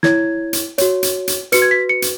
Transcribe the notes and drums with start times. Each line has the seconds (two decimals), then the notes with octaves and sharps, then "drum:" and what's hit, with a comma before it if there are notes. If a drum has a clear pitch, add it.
0.03 E4 C#5 G#6, drum: snare
0.53 drum: hi-hat
0.78 F#4 C#5, drum: hi-hat
1.03 drum: hi-hat
1.28 drum: hi-hat
1.52 F#4 B4 C#7, drum: hi-hat
1.62 G#6
1.71 B6
1.89 C#7
2.02 drum: hi-hat